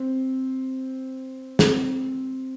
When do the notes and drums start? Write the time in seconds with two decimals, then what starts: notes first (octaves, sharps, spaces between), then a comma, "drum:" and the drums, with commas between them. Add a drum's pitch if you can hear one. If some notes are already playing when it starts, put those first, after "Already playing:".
Already playing: C4
1.59 C4, drum: snare